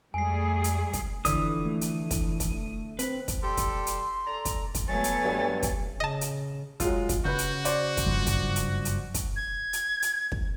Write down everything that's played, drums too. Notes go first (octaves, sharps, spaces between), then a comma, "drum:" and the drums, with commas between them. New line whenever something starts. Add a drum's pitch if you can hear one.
F2 G3 A3 G#4 G#5 C7
drum: hi-hat
drum: kick, hi-hat
D3 E3 F3 D5 D#6, drum: kick, hi-hat
A3
drum: hi-hat
drum: kick, hi-hat
drum: kick, hi-hat
C4 B4, drum: hi-hat
drum: kick, hi-hat
G3 G4 A4 C6
drum: kick, hi-hat
drum: hi-hat
A4 D5 A#5
drum: kick, hi-hat
drum: kick, hi-hat
F#3 A3 B3 C#5 G#5 A6
drum: hi-hat
G2
drum: kick, hi-hat
C#3 D#5 A5
drum: hi-hat
F#3 G#3 F4, drum: kick, hi-hat
drum: kick, hi-hat
C#3 F#4 B4 G6
drum: hi-hat
C5 D5, drum: hi-hat
drum: kick, hi-hat
F#1 G2 F3
drum: kick, hi-hat
drum: hi-hat
drum: hi-hat
drum: kick, hi-hat
G#6
drum: hi-hat
drum: hi-hat
drum: kick